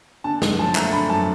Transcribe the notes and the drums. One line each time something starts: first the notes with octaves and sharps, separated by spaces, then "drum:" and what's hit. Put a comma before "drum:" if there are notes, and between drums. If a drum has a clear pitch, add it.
D3 A5
F#2, drum: snare
F3 A5
A3 A#5, drum: clap
D3 B5
F#2 A5